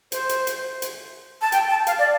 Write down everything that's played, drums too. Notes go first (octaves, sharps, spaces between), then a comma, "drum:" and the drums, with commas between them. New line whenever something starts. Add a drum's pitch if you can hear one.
C5, drum: hi-hat
drum: hi-hat
drum: hi-hat
drum: hi-hat
A5
G5, drum: hi-hat
A5
F5, drum: hi-hat
D5